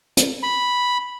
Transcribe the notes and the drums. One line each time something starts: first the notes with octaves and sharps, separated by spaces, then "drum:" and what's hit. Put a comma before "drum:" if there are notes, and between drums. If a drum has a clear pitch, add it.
drum: hi-hat
B5